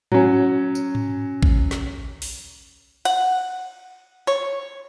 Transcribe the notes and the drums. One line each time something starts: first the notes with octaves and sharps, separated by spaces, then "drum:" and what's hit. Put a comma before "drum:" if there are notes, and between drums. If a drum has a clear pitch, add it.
F#3 C#4, drum: tom G#2
drum: tambourine
drum: tom G#2
drum: kick A1
drum: snare
drum: open hi-hat
F#5, drum: cymbal
C#5